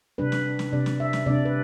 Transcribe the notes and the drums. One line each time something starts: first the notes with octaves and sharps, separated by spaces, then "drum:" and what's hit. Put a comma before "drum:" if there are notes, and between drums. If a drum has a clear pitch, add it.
C3 G3 D4 B4
drum: snare
drum: snare
C3 G3 D4 D5
drum: snare
E5
drum: snare
C3 G3 D4 D5
B4